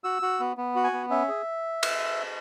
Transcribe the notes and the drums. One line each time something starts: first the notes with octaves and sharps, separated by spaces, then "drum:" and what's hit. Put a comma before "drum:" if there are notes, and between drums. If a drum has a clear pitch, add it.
F#4 E6
F#4
B3
B3
F#4
G#5
B3
C#4 E5
G#4
drum: cymbal